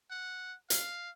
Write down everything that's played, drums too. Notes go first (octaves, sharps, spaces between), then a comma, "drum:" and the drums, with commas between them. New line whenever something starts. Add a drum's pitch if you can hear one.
F#5
F5, drum: hi-hat